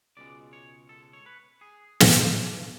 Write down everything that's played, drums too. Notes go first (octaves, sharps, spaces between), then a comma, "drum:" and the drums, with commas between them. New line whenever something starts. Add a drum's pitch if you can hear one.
C#2 B2 G#3 D5
C#5
A4
C#5
B4
G#4
drum: snare
D4